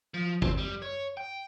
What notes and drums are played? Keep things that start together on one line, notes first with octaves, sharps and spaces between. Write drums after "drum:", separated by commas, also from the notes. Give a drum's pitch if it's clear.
F3
C4, drum: kick
G3
C#5
G5